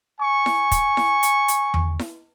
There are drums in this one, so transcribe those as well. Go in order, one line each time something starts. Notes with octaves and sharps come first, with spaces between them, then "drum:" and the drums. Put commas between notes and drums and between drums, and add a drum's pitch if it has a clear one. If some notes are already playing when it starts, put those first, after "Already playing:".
G#5 C#6
drum: snare E4
drum: kick, hi-hat
drum: snare E4
drum: hi-hat
drum: hi-hat
drum: tom E2
drum: snare E4